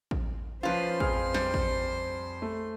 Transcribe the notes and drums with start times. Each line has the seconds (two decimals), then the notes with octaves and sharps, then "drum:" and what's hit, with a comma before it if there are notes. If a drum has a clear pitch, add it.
0.11 drum: kick A1
0.63 F3 C#4 F4 B4 C5 C6
1.00 F2 G#4 F6, drum: kick A1
1.34 G3, drum: snare
1.54 drum: kick A1
2.42 A3